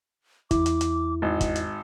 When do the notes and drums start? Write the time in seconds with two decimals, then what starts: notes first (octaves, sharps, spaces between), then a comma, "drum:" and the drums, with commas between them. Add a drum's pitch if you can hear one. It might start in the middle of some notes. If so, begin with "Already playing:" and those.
0.51 E2 E4 D6, drum: kick, hi-hat
0.66 drum: hi-hat
0.81 drum: hi-hat
1.22 G#1 D#5
1.41 drum: kick, hi-hat
1.56 drum: hi-hat